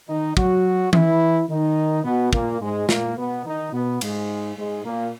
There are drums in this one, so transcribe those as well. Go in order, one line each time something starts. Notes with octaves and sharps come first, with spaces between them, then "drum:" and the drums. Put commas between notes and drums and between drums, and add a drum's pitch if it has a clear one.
D#3 D#4
F#3 F#4, drum: kick
E3 E4, drum: tom E3
D#3 D#4
B2 B3
A#2 A#3, drum: kick
G#2 G#3
A#2 A#3, drum: snare
B2 B3
D#3 D#4
B2 B3
G#2 G#3, drum: cymbal
G#2 G#3
A#2 A#3